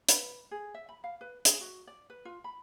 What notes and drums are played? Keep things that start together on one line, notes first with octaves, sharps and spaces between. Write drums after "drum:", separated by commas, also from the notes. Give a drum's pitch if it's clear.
B4, drum: hi-hat
G#4
E5
B5
F5
B4
G#4, drum: hi-hat
F#4
D5
B4
F4
B5